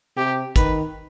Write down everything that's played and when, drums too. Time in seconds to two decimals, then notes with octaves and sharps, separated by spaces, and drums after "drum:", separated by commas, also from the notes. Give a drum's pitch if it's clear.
0.16 C3 G4
0.56 D#3 B4, drum: kick, hi-hat